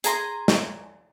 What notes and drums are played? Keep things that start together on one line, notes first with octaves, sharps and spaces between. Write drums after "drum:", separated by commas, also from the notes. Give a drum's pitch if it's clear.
G#4 G#5 A#5 C6, drum: hi-hat
drum: snare